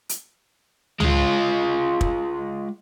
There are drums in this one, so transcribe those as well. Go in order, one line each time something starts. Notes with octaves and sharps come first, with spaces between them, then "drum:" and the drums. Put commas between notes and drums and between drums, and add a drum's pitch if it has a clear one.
drum: hi-hat
G#3 F4, drum: tom C#2
drum: kick